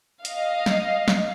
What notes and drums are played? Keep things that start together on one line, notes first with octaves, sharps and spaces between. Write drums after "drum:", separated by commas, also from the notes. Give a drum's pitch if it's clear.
D#5 F5, drum: hi-hat
drum: snare
drum: snare